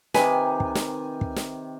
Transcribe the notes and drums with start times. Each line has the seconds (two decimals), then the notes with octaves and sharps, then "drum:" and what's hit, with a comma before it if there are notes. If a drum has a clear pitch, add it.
0.14 C3 D#3 B4 G#5, drum: snare
0.60 drum: kick
0.75 drum: snare
1.21 drum: kick
1.36 drum: snare